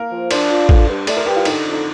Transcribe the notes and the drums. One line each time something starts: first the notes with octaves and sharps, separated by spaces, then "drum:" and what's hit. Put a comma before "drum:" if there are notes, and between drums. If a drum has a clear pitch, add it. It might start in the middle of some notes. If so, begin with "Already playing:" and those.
Already playing: A#3 A#4
F3
D4 C5, drum: cymbal
F4
D3, drum: kick
G2
A3 D5, drum: cymbal
A#4
G2 G4
F4
D3 D#4, drum: cymbal
F2
D#4